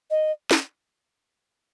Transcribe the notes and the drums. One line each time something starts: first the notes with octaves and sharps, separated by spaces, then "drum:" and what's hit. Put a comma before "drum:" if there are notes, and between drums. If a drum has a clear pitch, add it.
D#5
drum: snare